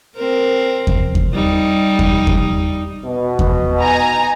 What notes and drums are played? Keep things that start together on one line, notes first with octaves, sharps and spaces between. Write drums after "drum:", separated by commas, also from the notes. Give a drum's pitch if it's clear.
C4 A#4
drum: kick E2
drum: kick E2
G3 D#4
drum: kick E2
drum: kick E2
B2
drum: kick E2
D#4 G#5 A#5